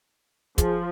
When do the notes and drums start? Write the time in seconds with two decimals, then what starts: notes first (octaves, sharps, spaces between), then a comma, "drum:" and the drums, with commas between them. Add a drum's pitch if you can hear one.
0.58 F3 G#4, drum: kick, hi-hat